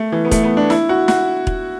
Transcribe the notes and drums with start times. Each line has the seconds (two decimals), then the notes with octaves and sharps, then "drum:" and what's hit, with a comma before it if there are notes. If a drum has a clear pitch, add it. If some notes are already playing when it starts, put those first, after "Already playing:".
Already playing: A3
0.12 E3
0.25 B3
0.31 A3, drum: kick E1, hi-hat
0.43 B3
0.57 D4
0.70 E4, drum: snare
0.89 F#4
1.08 F#4, drum: snare
1.47 drum: kick E1